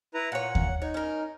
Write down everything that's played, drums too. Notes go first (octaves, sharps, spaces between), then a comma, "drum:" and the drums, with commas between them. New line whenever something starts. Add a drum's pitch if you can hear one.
E4 B4 A#5
A#2 C#5 F#5
drum: kick D#2
D#4 C#5
C#4 A#4